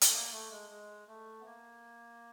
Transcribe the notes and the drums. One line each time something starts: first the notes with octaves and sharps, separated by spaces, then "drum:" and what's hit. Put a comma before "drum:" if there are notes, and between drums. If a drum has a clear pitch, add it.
A3, drum: hi-hat
A#3
A3
G#3
G#3
A3
B3
A#3